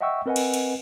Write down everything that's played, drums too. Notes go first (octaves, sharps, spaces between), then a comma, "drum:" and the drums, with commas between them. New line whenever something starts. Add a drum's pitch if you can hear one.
D#5 E5 F#5 G5 C#6 E6
C4 A#4 B4 D#5 F#5 G#5
drum: cymbal
drum: cymbal